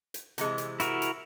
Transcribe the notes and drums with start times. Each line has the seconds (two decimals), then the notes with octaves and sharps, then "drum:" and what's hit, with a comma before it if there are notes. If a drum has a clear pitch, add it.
0.14 drum: hi-hat
0.38 C3 E3 G#3, drum: hi-hat
0.58 drum: hi-hat
0.80 E4 F#4 A#4, drum: hi-hat
1.02 drum: hi-hat